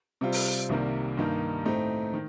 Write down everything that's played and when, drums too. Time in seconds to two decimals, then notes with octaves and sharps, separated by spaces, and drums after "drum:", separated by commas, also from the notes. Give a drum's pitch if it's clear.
0.21 C3 G3 C4 F4
0.32 drum: open hi-hat
0.69 C2 C3 D#3 G3 A#3
1.17 G2 D#3 A#3 D#4
1.65 A2 A3 C4 D#4
2.14 D#3